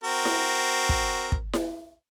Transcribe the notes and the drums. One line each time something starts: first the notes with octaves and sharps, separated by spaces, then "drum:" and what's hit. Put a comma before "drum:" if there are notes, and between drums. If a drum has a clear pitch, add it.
C4 F#4 A#4
drum: snare E4
drum: kick
drum: kick
drum: snare E4